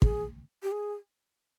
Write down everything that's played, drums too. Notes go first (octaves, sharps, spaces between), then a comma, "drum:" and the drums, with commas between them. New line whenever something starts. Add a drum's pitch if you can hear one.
G#4, drum: kick
G4
G#4